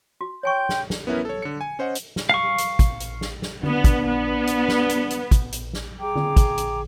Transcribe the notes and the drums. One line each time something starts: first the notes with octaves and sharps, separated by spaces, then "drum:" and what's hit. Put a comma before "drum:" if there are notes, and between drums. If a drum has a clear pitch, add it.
F#4
C#5 G5 G#5 C6 C#6 G6
drum: snare
drum: snare
B3 C#4 E4 A#4 B4
A4 C#5
D3 C#7
G#5
C#4 C5 D#5 F#5
drum: hi-hat
drum: snare
F5 C#6
drum: hi-hat
drum: kick, hi-hat
drum: hi-hat
drum: snare
drum: snare
B3 D4, drum: tom
drum: kick, hi-hat
B3
drum: hi-hat
drum: snare
drum: hi-hat
drum: hi-hat
drum: kick, hi-hat
drum: hi-hat
drum: snare
G#4 G5 A#5 D6
drum: tom
drum: kick, hi-hat
drum: hi-hat